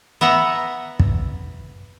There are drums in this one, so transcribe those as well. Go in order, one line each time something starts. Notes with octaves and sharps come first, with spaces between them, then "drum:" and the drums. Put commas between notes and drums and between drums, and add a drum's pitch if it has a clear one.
B3 E5 F#5 A#5
drum: kick